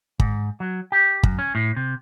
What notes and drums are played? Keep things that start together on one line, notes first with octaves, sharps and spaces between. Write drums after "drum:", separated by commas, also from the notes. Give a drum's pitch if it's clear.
G#2, drum: kick
F#3
G4
F#2, drum: kick
C#4
A2
C3